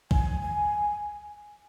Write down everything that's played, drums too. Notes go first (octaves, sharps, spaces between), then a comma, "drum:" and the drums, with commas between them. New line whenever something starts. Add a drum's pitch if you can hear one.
G#5, drum: kick
G#5